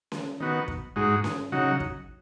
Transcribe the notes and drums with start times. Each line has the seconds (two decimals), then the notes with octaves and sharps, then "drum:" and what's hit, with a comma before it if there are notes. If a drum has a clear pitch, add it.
0.12 drum: snare C#4
0.40 D#3 B3 F#4
0.68 drum: kick
0.96 G#2 G#3 D#4 F#4
1.24 drum: snare C#4
1.52 C#3 F#3 D#4 F#4
1.80 drum: kick